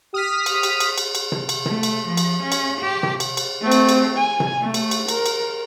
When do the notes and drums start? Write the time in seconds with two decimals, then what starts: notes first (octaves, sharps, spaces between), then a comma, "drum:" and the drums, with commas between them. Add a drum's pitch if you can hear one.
0.14 G4 D#6 F6 B6
0.46 drum: cymbal
0.63 drum: cymbal
0.80 drum: cymbal
0.98 drum: cymbal
1.15 drum: cymbal
1.32 drum: tom C3
1.49 drum: cymbal
1.66 A3, drum: tom C3
1.83 drum: cymbal
2.07 F3
2.17 drum: cymbal
2.42 C#4
2.52 drum: cymbal
2.81 G4
3.03 drum: tom C3
3.20 drum: cymbal
3.37 drum: cymbal
3.62 A3 C4
3.72 drum: cymbal
3.89 drum: cymbal
4.17 G#5
4.40 drum: tom C3
4.61 A3
4.74 drum: cymbal
4.91 drum: cymbal
5.09 A#4, drum: cymbal
5.26 drum: cymbal